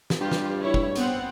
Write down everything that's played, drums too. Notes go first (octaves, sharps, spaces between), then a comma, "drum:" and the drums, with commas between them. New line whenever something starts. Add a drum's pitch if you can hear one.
drum: snare
G2 F4 G4
drum: snare
E4 C#5
drum: kick
B3 C4 F#5, drum: hi-hat